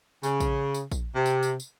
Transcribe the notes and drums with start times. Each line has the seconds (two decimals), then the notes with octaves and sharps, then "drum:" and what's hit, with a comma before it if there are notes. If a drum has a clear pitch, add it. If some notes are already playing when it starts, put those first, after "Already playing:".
0.23 C#3, drum: tambourine
0.40 drum: kick A#1, tambourine
0.74 drum: tambourine
0.92 drum: kick A#1, tambourine
1.14 C3
1.26 drum: tambourine
1.43 drum: tambourine
1.60 drum: tambourine